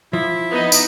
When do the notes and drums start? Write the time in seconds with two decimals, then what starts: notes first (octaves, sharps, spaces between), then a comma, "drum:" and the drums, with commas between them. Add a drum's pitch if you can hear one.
0.13 F3 E4
0.51 B3 D#4 D#5
0.72 drum: tambourine